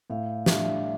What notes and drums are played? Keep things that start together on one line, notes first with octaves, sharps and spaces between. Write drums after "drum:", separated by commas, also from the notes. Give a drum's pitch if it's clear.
A2 F5
G3 D4 E5, drum: snare